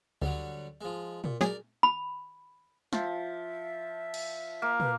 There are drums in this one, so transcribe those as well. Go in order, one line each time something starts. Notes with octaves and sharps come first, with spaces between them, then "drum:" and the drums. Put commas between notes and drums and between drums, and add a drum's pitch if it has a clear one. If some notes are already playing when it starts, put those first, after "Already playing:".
D2 D3 F#3 G3
F3 G#3
A#2, drum: tom
F#3 G#4 A#4 D5, drum: snare
B5
F3 E5, drum: snare
drum: cymbal
A#3
B4, drum: tom